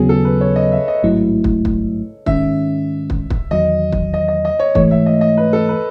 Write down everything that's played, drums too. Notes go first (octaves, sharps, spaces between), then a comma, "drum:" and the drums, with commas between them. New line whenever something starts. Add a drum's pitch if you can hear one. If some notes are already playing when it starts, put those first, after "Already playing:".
Already playing: D#2 C#3 F#3 B3 G#4
A4
B4
C#5
D#5
E5
D#5
A1 G#2 F#3 A3 E4
drum: kick
drum: kick
G#2 D#3 G#3 C#4 E5, drum: kick
drum: kick
drum: kick
E2 D#3 F#3 D#5
drum: kick
D#5
D#5
D#5
C#5
G#2 E3 A3 C#5, drum: kick
E5
D#5
D#5
B4
A4
B4